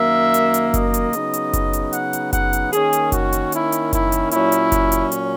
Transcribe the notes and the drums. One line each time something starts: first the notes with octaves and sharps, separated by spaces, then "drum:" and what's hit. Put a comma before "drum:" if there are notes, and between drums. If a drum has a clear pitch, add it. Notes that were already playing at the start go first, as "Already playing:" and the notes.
Already playing: F#2 D#3 A#3 E5
drum: hi-hat
drum: hi-hat
D#5, drum: kick F#1, hi-hat
drum: hi-hat
C#3 F#3 B3 D#4, drum: hi-hat
drum: hi-hat
drum: kick F#1, hi-hat
drum: hi-hat
F#5, drum: hi-hat
drum: hi-hat
F#5, drum: kick F#1, hi-hat
drum: hi-hat
D#3 A#3 C#4 G#4, drum: hi-hat
drum: hi-hat
F#4, drum: kick F#1, hi-hat
drum: hi-hat
E4, drum: hi-hat
drum: hi-hat
E4, drum: kick F#1, hi-hat
drum: hi-hat
A#2 F#3 C#4 E4, drum: hi-hat
drum: hi-hat
drum: kick F#1, hi-hat
drum: hi-hat
drum: hi-hat